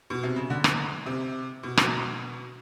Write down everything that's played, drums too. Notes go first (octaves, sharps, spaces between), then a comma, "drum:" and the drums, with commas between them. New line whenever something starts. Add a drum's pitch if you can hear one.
B2
C3
C#3
D3
drum: rim click
C3
B2
drum: rim click